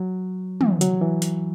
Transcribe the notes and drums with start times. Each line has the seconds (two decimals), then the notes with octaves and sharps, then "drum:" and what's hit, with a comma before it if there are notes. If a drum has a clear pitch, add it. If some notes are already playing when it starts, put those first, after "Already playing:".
Already playing: F#3
0.61 E3, drum: tom
0.81 F#3, drum: hi-hat
1.01 E3
1.22 drum: hi-hat